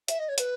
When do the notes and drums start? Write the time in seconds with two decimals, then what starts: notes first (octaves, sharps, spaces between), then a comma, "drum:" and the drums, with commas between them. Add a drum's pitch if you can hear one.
0.08 E5, drum: hi-hat
0.19 D#5
0.29 C#5
0.38 B4, drum: hi-hat